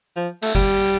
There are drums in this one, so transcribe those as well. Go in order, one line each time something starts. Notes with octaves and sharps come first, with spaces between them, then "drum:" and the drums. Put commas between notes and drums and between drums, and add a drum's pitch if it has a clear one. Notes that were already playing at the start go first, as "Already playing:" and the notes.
F3
A3, drum: cymbal
G3, drum: kick F#1